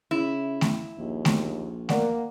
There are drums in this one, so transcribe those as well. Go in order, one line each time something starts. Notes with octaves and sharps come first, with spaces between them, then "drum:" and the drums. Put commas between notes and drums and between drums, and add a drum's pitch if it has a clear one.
C#3 E4
drum: snare A3
A#1 D#2
drum: snare A3
A#3 A#4 D5 F#5, drum: snare A3